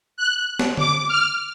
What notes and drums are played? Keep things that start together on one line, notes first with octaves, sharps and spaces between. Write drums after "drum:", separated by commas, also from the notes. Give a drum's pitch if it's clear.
F#6
drum: snare
D6, drum: tom D3
F6